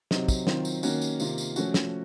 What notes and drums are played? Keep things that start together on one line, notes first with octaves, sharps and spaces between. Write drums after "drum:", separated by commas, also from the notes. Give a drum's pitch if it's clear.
C3 F#3 C4 D#4, drum: snare
drum: kick, tambourine
D#3 F#3 C4 F4, drum: snare
drum: tambourine
D#3 A#3 C#4 F#4, drum: tambourine
drum: tambourine
C3 D#3 A#3 F4, drum: tambourine
drum: tambourine
F3 A3 C#4 F#4, drum: tambourine
drum: snare